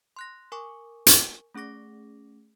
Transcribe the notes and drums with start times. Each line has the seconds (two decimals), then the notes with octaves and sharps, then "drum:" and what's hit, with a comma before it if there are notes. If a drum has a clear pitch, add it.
0.16 C6 F#6 A#6
0.52 A#4 G#5 C#6 D6
1.07 drum: hi-hat
1.55 A3 C#4 G#4 D6 A#6